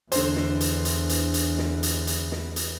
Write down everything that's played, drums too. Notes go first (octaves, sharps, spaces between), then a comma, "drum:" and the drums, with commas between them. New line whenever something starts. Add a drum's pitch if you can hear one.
E2 D3 C5, drum: hi-hat
drum: snare
drum: hi-hat
drum: hi-hat
drum: hi-hat
drum: hi-hat
drum: snare
drum: hi-hat
drum: hi-hat
drum: snare
drum: hi-hat